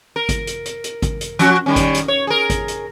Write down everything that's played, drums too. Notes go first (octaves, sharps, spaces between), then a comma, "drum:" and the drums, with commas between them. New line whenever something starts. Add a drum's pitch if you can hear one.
A#4
drum: kick G#1, hi-hat
drum: hi-hat
drum: hi-hat
drum: hi-hat
drum: kick G#1, hi-hat
drum: hi-hat
F3 C#4 F#4, drum: hi-hat
D#3 G3 C#4
drum: kick G#1, hi-hat
drum: hi-hat
C#5
G#4 A#4
drum: kick G#1, hi-hat
drum: hi-hat